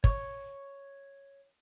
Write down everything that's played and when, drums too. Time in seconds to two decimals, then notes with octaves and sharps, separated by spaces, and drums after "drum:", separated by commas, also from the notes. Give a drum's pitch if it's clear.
0.04 C#5 C#6, drum: kick